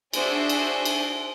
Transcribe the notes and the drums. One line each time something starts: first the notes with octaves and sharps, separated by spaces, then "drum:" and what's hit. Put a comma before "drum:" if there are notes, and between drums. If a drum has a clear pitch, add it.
D4 F#4 G#4 C5 E5 G#5, drum: cymbal
drum: cymbal
drum: cymbal